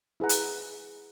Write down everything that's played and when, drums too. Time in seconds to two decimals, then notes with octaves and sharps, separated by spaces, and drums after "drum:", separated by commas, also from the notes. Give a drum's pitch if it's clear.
0.20 E4 G#4 B4 F#5 A#5
0.29 drum: hi-hat